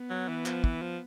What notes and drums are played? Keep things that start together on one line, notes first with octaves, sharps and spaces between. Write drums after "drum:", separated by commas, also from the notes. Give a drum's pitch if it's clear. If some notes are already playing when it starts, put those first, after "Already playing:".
Already playing: B3
F#3
E3
F3, drum: clap
E3, drum: kick
F3